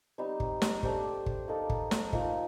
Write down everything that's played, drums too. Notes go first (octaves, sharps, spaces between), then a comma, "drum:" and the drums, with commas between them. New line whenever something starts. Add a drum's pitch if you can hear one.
G3 C4 D#4
drum: kick
drum: snare
A3 D4 G4 C5, drum: kick
drum: kick
A#3 D#4 A4
drum: kick
drum: snare
F3 A#3 D#4, drum: kick